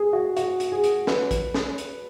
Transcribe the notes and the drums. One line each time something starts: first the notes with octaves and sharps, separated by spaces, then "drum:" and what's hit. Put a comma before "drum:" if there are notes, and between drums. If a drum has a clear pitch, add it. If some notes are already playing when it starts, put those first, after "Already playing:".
Already playing: G#4
F#4
F#4, drum: hi-hat
drum: hi-hat
G#4
drum: hi-hat
B4, drum: snare
drum: kick A#1, hi-hat
drum: snare
drum: hi-hat